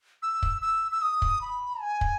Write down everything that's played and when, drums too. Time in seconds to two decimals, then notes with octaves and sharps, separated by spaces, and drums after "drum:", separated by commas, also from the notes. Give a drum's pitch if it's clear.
0.23 E6
0.43 drum: kick
0.62 E6
0.92 E6
1.02 D#6
1.22 drum: kick
1.42 B5
1.81 G#5
2.01 drum: kick